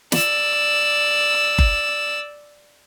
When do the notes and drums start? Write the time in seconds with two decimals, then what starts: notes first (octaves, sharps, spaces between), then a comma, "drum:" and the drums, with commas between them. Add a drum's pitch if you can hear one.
0.12 D5 E6, drum: snare
1.58 drum: kick F#1